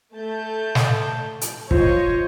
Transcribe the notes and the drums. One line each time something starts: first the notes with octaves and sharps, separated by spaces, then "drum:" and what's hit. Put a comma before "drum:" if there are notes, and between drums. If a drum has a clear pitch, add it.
A3 A5 G6
drum: snare
drum: hi-hat
F4 C5 C#5 D#5, drum: kick